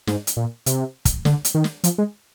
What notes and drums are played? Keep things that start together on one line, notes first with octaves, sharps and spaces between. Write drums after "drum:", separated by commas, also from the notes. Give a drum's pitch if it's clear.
G#2, drum: snare
drum: hi-hat
A#2
C3, drum: hi-hat
drum: kick, hi-hat
D3, drum: snare
drum: hi-hat
D#3
drum: snare
F3, drum: hi-hat
G#3